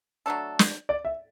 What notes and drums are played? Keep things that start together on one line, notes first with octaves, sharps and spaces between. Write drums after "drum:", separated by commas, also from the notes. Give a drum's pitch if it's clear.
F#3 A3 D4 A4
drum: snare
D5
E5